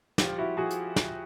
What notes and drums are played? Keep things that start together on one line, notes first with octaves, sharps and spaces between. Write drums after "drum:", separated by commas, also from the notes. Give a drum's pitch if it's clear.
F3 F4 G4, drum: snare
E4 F#4
F3 F#4 G#4
drum: hi-hat
drum: snare